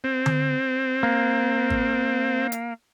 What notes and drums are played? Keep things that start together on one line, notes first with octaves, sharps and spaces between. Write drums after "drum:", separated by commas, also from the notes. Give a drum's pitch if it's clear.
C4
drum: tom D3
A#3
drum: kick G#1
drum: hi-hat